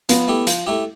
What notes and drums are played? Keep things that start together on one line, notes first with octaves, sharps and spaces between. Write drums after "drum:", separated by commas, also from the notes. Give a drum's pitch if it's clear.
F3 B3, drum: hi-hat
A3 E4 G4
F3, drum: hi-hat
A3 E4 G4